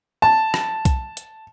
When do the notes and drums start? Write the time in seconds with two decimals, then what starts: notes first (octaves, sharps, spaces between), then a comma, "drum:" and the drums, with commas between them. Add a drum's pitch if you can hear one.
0.22 A5
0.54 drum: rim click
0.85 drum: kick B1, hi-hat
1.17 drum: hi-hat